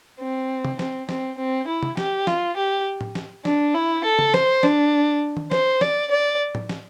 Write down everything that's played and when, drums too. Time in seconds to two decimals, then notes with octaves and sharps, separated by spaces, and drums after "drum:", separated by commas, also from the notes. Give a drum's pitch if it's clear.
0.21 C4
0.65 drum: tom
0.79 C4, drum: snare
1.09 C4, drum: snare
1.38 C4
1.67 E4
1.83 drum: tom
1.97 G4, drum: snare
2.27 F4, drum: snare
2.57 G4
3.01 drum: tom A2
3.15 drum: snare
3.45 D4, drum: snare
3.74 E4
4.04 A4
4.19 drum: tom C#3
4.34 C5, drum: snare
4.63 D4, drum: snare
5.37 drum: tom D#3
5.51 C5, drum: snare
5.81 D5, drum: snare
6.11 D5
6.55 drum: tom A2
6.69 drum: snare